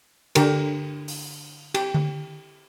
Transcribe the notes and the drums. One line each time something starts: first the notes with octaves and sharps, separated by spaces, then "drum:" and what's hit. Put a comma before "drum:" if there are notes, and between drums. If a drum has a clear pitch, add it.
D3 G4 A#4, drum: cymbal
drum: open hi-hat
G4, drum: cymbal
drum: tom D3